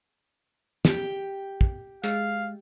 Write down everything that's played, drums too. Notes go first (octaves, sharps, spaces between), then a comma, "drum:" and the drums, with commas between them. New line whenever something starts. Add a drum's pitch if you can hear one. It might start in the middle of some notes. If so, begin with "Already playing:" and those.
G4 G5, drum: snare
drum: kick
G#3 F5, drum: hi-hat